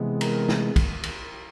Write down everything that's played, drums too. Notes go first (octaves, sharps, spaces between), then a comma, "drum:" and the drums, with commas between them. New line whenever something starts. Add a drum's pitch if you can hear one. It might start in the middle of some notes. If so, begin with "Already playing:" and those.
Already playing: C3 E3 G#3 B3
A#4, drum: cymbal
drum: snare
drum: kick, cymbal
drum: cymbal